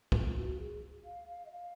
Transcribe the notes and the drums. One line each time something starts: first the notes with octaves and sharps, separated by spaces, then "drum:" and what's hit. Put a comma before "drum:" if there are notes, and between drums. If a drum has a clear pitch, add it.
F4, drum: kick
F#4
G#4
F5
F5
D#5
F5